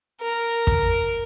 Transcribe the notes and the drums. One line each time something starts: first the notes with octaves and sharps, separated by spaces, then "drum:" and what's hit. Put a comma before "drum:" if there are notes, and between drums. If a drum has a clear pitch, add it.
A#4
drum: kick